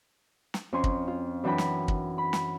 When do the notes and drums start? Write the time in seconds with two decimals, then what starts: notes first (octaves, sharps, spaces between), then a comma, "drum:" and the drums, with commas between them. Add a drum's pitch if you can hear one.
0.54 drum: snare
0.73 F2 C#4 G#5 C6
0.84 drum: kick
1.07 F4
1.43 F#2 E3 D4 G5 B5
1.58 drum: snare
1.88 drum: kick
2.18 B5
2.33 drum: snare